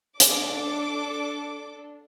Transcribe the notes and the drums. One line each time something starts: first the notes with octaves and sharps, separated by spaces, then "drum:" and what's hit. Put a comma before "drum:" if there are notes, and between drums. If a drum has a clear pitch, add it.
D4 A4 D6, drum: hi-hat